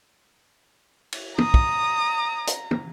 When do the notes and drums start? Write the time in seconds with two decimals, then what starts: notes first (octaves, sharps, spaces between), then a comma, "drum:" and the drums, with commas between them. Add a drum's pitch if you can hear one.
1.12 drum: cymbal
1.38 A#5 D#6, drum: tom
1.54 drum: kick
2.47 drum: hi-hat
2.71 drum: tom